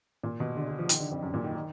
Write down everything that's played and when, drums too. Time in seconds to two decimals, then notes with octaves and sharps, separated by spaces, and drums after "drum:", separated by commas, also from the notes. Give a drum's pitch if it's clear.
0.23 A#2
0.40 B2
0.57 D3
0.68 D3
0.78 F3
0.89 D#3, drum: hi-hat
1.00 D3
1.11 F2
1.22 F#2
1.34 A#2
1.44 D#3
1.55 D#3